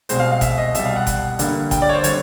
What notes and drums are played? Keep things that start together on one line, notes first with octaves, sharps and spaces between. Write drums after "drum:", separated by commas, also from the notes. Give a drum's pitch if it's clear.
C2 B2 G#3 C4 C5, drum: hi-hat
F5
F5
E5, drum: kick G1, hi-hat
D#5
C2 B2 G3 E5, drum: hi-hat
F5
F#5
drum: kick G1, hi-hat
G2 D3 G3 A#3, drum: hi-hat
G5, drum: kick G1, hi-hat
D5
C#5
C5
D3 G3 C4 C#5, drum: hi-hat